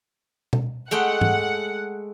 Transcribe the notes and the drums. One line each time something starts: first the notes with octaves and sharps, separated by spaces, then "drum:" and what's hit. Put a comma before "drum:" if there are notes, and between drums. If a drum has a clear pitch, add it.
drum: tom B2
G#3 A3 F#5 G5
drum: tom G#2